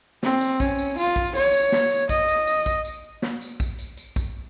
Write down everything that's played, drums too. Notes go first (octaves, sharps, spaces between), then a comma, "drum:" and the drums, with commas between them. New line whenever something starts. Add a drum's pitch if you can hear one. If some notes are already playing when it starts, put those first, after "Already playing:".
C4, drum: snare
drum: tambourine
C#4, drum: kick A#1, tambourine
drum: tambourine
F4, drum: tambourine
drum: kick A#1
C#5, drum: tambourine
drum: tambourine
drum: snare
drum: tambourine
D#5, drum: kick A#1, tambourine
drum: tambourine
drum: tambourine
drum: kick A#1, tambourine
drum: tambourine
drum: snare
drum: tambourine
drum: kick A#1, tambourine
drum: tambourine
drum: tambourine
drum: kick A#1, tambourine